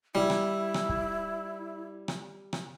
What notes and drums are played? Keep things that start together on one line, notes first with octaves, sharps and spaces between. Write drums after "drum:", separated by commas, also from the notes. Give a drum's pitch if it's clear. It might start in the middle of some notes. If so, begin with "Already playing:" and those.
G3 E4
drum: rim click
drum: rim click
drum: kick
drum: rim click
drum: rim click